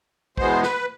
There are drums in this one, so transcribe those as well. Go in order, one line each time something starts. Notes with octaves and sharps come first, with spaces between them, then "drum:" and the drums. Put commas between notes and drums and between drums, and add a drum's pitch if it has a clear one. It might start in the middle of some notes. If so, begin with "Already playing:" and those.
E2 B2 G#3 B3 C5, drum: kick
B4, drum: snare